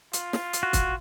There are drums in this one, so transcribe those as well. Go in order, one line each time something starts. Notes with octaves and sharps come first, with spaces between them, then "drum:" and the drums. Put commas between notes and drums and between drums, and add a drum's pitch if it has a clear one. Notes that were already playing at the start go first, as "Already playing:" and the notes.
F4, drum: hi-hat
drum: snare
drum: hi-hat
F#4
drum: kick, hi-hat